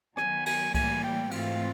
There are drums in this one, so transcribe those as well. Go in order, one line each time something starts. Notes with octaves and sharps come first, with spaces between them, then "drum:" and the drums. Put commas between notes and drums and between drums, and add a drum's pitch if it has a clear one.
D#3 F#3 B3 G#5, drum: rim click
G#5, drum: cymbal
A2 E3 G3 A#3 G#5, drum: kick C2, cymbal
G5
G#2 E3 A3 C4 F4 F5, drum: cymbal